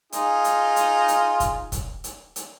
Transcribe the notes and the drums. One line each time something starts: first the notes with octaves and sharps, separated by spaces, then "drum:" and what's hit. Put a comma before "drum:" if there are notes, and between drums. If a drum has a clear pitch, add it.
D#4 F4 G#4, drum: hi-hat
drum: hi-hat
drum: hi-hat
drum: hi-hat
drum: kick, hi-hat
drum: kick, hi-hat
drum: hi-hat
drum: hi-hat